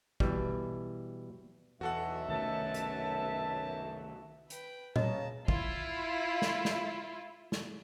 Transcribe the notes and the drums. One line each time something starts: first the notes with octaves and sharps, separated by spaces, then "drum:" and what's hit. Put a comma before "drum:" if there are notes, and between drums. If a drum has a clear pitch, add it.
B2 E3 G3, drum: kick
B1 E2 F#4 A4 E5 F#5
C2 F#2 D#3 A3 A5
drum: hi-hat
B4 G5, drum: hi-hat
C#3 D#5 A5 A#5, drum: tom A#2
E4 F4, drum: kick
drum: snare
drum: snare
drum: snare